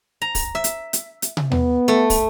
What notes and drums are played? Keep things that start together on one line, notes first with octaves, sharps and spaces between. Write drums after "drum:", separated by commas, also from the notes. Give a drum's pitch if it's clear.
A#5
drum: kick, open hi-hat
E5
drum: hi-hat
drum: hi-hat
drum: hi-hat
drum: tom
B3, drum: tom D#2
A3
drum: kick, open hi-hat